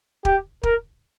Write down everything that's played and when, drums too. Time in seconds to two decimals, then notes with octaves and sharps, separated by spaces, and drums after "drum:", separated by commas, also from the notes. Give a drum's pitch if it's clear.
0.25 G4, drum: kick
0.63 A#4, drum: kick